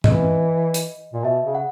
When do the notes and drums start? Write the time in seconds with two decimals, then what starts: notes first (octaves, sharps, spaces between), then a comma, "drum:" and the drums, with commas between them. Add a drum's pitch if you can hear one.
0.04 E3 D#5, drum: tom G2
0.74 drum: hi-hat
1.14 A#2
1.25 B2 E5
1.44 C#3
1.55 F#5